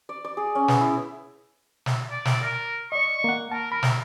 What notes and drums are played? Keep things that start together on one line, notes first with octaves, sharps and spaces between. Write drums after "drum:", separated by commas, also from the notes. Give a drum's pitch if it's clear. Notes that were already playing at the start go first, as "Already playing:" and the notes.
D5
D5
G#4
C#4
B3, drum: snare
E4
drum: snare
D5
drum: snare
A#4
D5 D#5 C#6
A#3 F#5
A#4 A5
A#4 B5
drum: snare